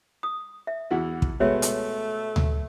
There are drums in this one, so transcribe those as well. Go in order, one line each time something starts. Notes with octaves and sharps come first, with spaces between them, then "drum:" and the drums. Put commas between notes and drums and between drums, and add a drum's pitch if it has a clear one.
D#6
E5
E2 E4 F#4
drum: kick
B2 G#3 A3 B3 C#5 E5
drum: hi-hat
drum: tom D2